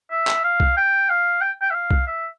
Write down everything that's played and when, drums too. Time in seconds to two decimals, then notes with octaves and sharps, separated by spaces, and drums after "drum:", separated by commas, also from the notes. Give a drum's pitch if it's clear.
0.10 E5
0.27 drum: clap
0.44 F5
0.60 drum: kick B1
0.77 G5
1.09 F5
1.41 G5
1.61 G5
1.71 E5
1.74 F5
1.91 drum: kick B1
2.07 E5